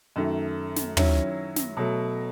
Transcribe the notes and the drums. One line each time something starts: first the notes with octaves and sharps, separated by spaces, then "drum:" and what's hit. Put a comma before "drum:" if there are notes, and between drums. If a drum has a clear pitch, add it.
F#2 D#3 A3
drum: snare
D#3 F#3 C#4 E4, drum: tom
drum: snare
B2 F#3 A3